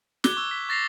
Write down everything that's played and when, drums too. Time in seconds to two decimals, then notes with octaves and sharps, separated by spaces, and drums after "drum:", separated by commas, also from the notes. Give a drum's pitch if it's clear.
0.24 D6 F#6 G#6 G7, drum: snare
0.37 C#6 E6
0.51 B6
0.69 C#6 A6 A#6 C7 F7